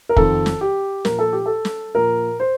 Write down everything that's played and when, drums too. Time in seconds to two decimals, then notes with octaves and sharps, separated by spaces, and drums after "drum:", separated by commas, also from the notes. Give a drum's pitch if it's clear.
0.09 A#4
0.16 F2 D#3 A4, drum: kick
0.46 drum: snare
0.61 G4
1.05 A#2 F3 A#4, drum: snare
1.19 A4
1.33 G4
1.46 A4
1.65 drum: snare
1.95 A#2 F3 A#4
2.40 C5